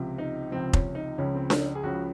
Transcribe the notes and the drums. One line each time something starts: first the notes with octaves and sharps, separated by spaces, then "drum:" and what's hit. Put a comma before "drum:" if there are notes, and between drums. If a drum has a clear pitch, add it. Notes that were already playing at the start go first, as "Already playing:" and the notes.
Already playing: C#2 C3 F3
D#4
C#2 C3 F3 C4
C#4, drum: kick F1
D#4
C#2 C#3 F3 C#4
C4
C#4, drum: snare D4
G#4
C#2 C#3 F3 F#4